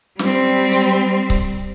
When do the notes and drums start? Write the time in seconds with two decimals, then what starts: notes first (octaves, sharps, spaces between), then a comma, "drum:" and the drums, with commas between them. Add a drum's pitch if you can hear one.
0.19 G3 C4, drum: snare
0.71 drum: hi-hat
1.30 drum: kick C#1